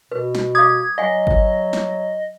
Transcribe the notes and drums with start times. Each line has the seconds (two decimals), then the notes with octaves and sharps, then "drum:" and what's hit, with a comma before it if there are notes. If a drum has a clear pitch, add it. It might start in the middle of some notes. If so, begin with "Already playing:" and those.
0.12 B2 B4
0.35 drum: snare
0.55 F5 D6 D#6 G#6
0.98 F#3 D#5 F5 F#5 G#5
1.27 drum: kick G1
1.73 drum: snare